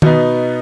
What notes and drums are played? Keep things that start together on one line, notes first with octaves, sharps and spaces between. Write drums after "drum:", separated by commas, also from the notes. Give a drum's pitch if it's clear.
B2 B3 D#4, drum: tom D#3